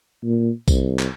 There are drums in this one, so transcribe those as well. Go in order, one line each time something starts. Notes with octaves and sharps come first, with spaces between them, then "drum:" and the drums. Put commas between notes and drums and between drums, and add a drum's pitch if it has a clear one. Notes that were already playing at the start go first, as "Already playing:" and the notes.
A#2
C2, drum: kick B1, tambourine
drum: clap